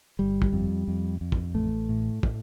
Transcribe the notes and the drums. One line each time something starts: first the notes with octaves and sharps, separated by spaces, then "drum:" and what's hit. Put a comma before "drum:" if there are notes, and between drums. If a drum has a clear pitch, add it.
G1 G3
drum: kick
F2
F2
F2
drum: kick
A1 A3
A2
A2, drum: kick